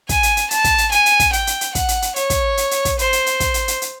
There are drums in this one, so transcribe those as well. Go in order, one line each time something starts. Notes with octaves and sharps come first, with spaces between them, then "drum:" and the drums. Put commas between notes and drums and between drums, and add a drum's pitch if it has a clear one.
G#5, drum: kick, hi-hat
drum: hi-hat
drum: hi-hat
A5, drum: hi-hat
drum: kick, hi-hat
drum: hi-hat
G#5, drum: hi-hat
drum: hi-hat
drum: kick, hi-hat
G5, drum: hi-hat
drum: hi-hat
drum: hi-hat
F#5, drum: kick, hi-hat
drum: hi-hat
drum: hi-hat
C#5, drum: hi-hat
drum: kick, hi-hat
drum: hi-hat
drum: hi-hat
drum: kick, hi-hat
C5, drum: hi-hat
drum: hi-hat
drum: hi-hat
drum: kick, hi-hat
drum: hi-hat
drum: hi-hat
drum: hi-hat